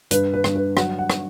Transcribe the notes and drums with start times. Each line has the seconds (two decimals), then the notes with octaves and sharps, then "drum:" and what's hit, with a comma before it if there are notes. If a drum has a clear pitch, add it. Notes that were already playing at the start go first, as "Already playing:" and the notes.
0.11 G2 B4, drum: hi-hat
0.34 B4
0.44 G2, drum: rim click
0.56 B4
0.77 F#3 F#5, drum: rim click
0.98 F#5
1.10 drum: rim click